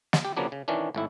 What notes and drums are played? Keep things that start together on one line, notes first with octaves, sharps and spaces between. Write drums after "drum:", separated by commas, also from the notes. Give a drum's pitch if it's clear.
drum: snare
G4
C#3 F3 F#3 A#3 B3 D4
C#3
D#3 E3 C#4 D4
G#1 A2 E4